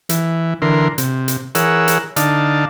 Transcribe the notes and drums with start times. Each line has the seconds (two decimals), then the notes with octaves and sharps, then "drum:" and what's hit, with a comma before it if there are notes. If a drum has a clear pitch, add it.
0.09 E3, drum: hi-hat
0.62 D3 E3 A#4 C6
0.98 C3, drum: hi-hat
1.28 drum: hi-hat
1.55 E3 G#4 A#4 C#5 F#5 E6, drum: hi-hat
1.88 drum: hi-hat
2.16 D3 D#4 D5 F5 A5, drum: hi-hat